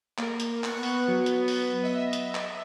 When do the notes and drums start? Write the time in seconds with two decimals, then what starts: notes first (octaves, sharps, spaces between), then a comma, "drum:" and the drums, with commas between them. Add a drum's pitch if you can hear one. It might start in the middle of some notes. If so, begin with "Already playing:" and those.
0.18 A#3 A#4, drum: clap
0.40 drum: hi-hat
0.64 B3 C#6 F#6, drum: clap
0.83 drum: open hi-hat
1.08 F#3
1.26 drum: hi-hat
1.48 drum: open hi-hat
1.83 D#5 E5
2.13 drum: hi-hat
2.35 drum: clap